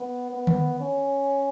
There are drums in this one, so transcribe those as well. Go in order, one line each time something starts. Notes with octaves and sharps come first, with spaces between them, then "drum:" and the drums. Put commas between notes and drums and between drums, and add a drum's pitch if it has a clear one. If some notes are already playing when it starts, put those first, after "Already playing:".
Already playing: B3
B3
drum: tom D3
C#4